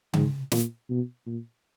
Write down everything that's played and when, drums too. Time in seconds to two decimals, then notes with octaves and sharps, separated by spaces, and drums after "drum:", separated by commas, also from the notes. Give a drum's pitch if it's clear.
0.13 G#2, drum: tom C#3
0.52 A#2, drum: snare
0.90 B2
1.26 A#2